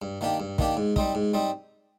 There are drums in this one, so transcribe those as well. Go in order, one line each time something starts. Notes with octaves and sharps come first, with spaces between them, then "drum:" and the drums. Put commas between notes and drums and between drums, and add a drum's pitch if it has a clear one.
G2
D#3 A#3 D4 G4
G2
D#3 A#3 D4 G4, drum: kick
G#2
G3 C4 D#4, drum: kick
G#2
G3 C4 D#4